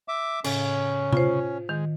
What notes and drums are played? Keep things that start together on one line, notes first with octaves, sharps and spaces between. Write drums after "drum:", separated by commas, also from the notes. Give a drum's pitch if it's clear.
E5 D6
A2 C#3 C#4, drum: cymbal
F4 C5, drum: tom C3
D#3 G#3